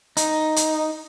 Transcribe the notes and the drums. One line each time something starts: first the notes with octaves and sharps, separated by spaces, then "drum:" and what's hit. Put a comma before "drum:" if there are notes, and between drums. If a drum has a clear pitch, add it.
D#4, drum: hi-hat
drum: hi-hat